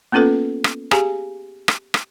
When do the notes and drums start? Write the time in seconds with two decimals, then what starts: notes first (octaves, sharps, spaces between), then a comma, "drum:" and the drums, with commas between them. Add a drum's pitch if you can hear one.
0.12 A#3 B3 C#4 F4 A4 B4
0.64 drum: rim click
0.91 G4 G#4 F5 G#5 A#5, drum: rim click
1.68 drum: rim click
1.94 drum: rim click